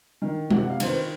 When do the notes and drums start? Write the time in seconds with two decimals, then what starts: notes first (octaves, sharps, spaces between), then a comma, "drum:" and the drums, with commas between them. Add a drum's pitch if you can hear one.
0.22 D#3
0.50 C3 F#5, drum: tom G#3
0.70 F5
0.80 D#3 C5, drum: cymbal
0.89 B4